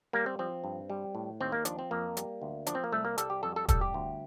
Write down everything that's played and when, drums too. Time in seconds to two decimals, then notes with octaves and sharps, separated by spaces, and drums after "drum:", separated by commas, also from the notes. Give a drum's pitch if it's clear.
0.13 G3 A#3
0.26 C4
0.39 F3 C4
0.64 G2
0.90 G3
1.15 A2
1.40 D#2 C4
1.52 A#3
1.65 F3 D4, drum: hi-hat
1.79 C4
1.91 F2 A#3
2.17 G3, drum: hi-hat
2.42 D2
2.67 F3 D4, drum: hi-hat
2.75 C4
2.84 A#3
2.92 C2 A3
3.05 A#3
3.18 G3 A4, drum: hi-hat
3.30 G4
3.43 F2 A4
3.56 A4
3.68 G3 A4, drum: kick, hi-hat
3.81 G4
3.94 D2